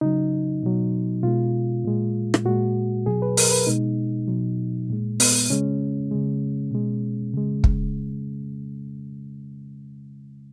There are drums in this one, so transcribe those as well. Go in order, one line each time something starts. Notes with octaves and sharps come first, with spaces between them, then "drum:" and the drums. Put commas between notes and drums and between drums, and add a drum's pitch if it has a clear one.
C#3 F#3 D#4
B2 F#3
B2 G#3 F4
A#2 G#3
drum: rim click
A#2 G#3 F#4
B2 F#3 G#4
B4
A#4, drum: open hi-hat
B4
B2 G#3 D#4
B2 F#3
A#2 G#3
B3, drum: open hi-hat
C#3 G#3 C#4
C#3 G#3
B2 G#3
C#3 G#3
drum: kick